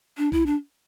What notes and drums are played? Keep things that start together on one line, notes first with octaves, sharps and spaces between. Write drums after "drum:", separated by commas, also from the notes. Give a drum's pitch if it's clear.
D4
E4, drum: kick B1
D4